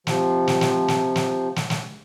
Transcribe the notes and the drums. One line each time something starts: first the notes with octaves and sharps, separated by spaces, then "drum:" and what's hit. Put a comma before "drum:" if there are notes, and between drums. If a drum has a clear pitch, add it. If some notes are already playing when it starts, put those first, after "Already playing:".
C3 F3, drum: snare
drum: snare
drum: snare
drum: snare
drum: snare
drum: snare
drum: snare